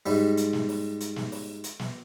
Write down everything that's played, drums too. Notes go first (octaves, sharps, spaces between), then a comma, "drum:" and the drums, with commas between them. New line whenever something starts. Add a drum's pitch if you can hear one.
G#2 G3, drum: open hi-hat
drum: hi-hat
drum: snare
drum: open hi-hat
drum: hi-hat
drum: snare
drum: open hi-hat
drum: hi-hat
drum: snare